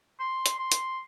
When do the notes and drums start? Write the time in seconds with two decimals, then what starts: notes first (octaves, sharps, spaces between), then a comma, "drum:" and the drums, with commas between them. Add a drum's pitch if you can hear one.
0.20 C6
0.46 drum: hi-hat
0.59 C6
0.72 drum: hi-hat